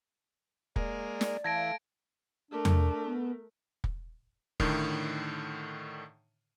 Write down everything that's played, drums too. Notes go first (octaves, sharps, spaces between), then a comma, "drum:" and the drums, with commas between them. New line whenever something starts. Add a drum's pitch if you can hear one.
G#3 A#3 D5, drum: kick
drum: snare
E3 A3 F5 A5 G#6 A#6 D7
A3 D4 A#4
drum: tom E2
B3
drum: kick
A2 D3 D#3, drum: kick